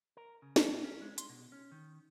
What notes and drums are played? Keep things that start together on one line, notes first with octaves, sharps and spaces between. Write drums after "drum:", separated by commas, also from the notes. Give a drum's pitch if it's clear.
A#4
C#3
drum: snare
A2
C#4
G#3
C6, drum: hi-hat
B2
C#4
D#3